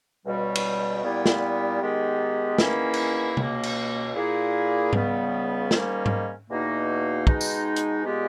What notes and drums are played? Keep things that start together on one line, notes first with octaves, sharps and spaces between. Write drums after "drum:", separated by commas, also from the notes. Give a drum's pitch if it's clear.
C#2 B2 G3
drum: cymbal
A#2 G3 B3 E4
drum: snare
D#3 G#3 B3 G4
E2 D#3 A#3 C#4 E4, drum: snare
drum: cymbal
C#2 B2 A#3, drum: tom C3
drum: cymbal
A#2 A#3 E4 G#4
C#2 C#3 G3 B3, drum: tom G#2
G#2 D#3 G3 A#3 C#4, drum: snare
drum: tom G#2
E2 B2 A#3 D#4
B2 G#3 D#4, drum: kick
drum: tambourine
drum: hi-hat
A#2 G#3 B3 G4